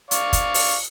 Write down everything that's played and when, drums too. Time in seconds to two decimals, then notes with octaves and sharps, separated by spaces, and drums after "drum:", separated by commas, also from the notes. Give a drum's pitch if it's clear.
0.11 D5 F5 C#6, drum: hi-hat
0.33 drum: kick, hi-hat
0.54 drum: open hi-hat